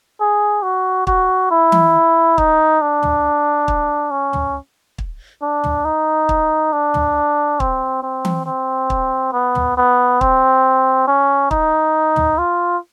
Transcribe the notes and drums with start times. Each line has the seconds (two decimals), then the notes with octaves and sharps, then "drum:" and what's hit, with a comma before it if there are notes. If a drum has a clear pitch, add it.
0.21 G#4
0.63 F#4
1.07 F#4, drum: kick
1.51 E4
1.72 drum: tom E3
2.38 D#4, drum: kick
2.81 D4
3.03 drum: tom
3.68 drum: kick
4.11 C#4
4.33 drum: tom
4.98 drum: kick
5.42 D4
5.64 drum: tom
5.85 D#4
6.29 drum: kick
6.73 D4
6.94 drum: tom
7.60 C4, drum: kick
8.03 C4
8.25 drum: tom E3
8.46 C4
8.90 drum: kick
9.33 B3
9.55 drum: tom
9.77 B3
10.21 C4, drum: kick
11.07 C#4
11.51 D#4, drum: kick
12.16 drum: tom
12.39 F4